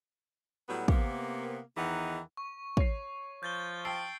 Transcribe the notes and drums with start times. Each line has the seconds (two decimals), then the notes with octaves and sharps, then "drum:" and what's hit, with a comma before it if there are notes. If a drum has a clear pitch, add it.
0.68 A2 F#3 G3 B3 F#4
0.88 C3 A#3 B3, drum: kick
1.76 E2 D#3 E3 D#4 G#4 F#5
2.37 C#6
2.77 C#5 C7, drum: kick
3.43 F3 G6 A6 G7
3.85 G5 A5 E6 C7 D7